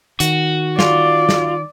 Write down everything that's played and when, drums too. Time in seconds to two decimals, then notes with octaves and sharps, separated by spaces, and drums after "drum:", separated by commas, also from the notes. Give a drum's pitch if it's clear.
0.20 D#3 F#4, drum: hi-hat
0.79 F4 D5, drum: snare
1.29 drum: snare